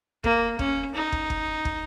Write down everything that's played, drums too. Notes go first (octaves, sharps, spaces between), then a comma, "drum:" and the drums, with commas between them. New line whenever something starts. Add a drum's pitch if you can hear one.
A#3, drum: kick
C#4, drum: kick
D#4
drum: kick
drum: kick
drum: kick